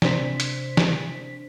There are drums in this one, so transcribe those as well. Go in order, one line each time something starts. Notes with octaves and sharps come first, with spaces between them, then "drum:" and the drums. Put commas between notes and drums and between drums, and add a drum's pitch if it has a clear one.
C3 D4 C5 B6, drum: snare
drum: hi-hat
drum: snare